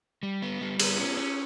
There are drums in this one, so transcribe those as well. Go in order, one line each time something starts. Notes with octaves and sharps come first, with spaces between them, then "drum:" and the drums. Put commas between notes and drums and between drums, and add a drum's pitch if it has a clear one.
G3
B3
G3
B3, drum: cymbal
C#4
C#4